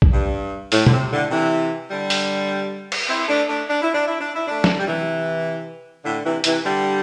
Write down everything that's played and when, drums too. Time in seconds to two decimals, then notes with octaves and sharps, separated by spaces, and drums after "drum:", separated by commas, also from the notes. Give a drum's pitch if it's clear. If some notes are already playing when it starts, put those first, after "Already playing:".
0.02 drum: kick
0.12 G2
0.72 A2, drum: open hi-hat
0.86 D3, drum: tom
0.92 C3
1.11 A2 D3
1.30 C3 E3
1.90 D3 G3
2.10 drum: open hi-hat
2.92 drum: cymbal
3.09 C4 E4
3.28 A3 D4
3.48 A3 D4
3.68 D4
3.82 E4
3.94 D4
4.07 E4
4.21 D4
4.34 E4
4.47 A3 D4
4.64 drum: snare
4.79 G3
4.86 C3 E3
6.05 A2 D3
6.25 C3 E3
6.44 C3 E3, drum: hi-hat
6.64 D3 G3